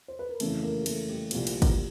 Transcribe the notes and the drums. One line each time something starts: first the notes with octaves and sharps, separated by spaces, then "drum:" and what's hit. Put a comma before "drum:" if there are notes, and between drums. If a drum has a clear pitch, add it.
C5
B4
A#4
F2 C#3 E3 A3 A4, drum: cymbal
A#3 A#4
G#4
A3 A4, drum: cymbal
G3 G4
C2 A#2 F3, drum: cymbal
drum: cymbal
drum: kick, cymbal